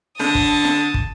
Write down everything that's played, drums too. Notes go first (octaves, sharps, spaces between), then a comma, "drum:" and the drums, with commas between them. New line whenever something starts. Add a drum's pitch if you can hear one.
D3 A5 D#6, drum: snare
drum: kick
drum: snare
drum: kick